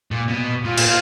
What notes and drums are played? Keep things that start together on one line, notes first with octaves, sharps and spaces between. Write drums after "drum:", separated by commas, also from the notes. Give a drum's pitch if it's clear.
A#2
B2
A#2 F4
drum: cymbal